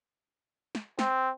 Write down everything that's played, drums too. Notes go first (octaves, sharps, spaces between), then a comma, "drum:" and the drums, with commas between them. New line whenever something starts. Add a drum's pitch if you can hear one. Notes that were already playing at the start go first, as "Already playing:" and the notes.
drum: snare
C4, drum: snare